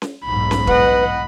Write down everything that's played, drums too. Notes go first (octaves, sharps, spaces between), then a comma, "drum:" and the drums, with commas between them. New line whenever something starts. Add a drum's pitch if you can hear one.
drum: snare C#4
B1 E2 G#2 B5
drum: snare C#4
B4 D#5 F#5, drum: kick